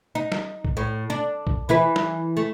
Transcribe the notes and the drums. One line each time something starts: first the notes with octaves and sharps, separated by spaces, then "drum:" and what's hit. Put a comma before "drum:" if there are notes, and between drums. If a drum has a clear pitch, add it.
D#4
drum: snare
drum: kick B1
A2
D4
drum: kick B1
E3 E4 B4
drum: snare
A3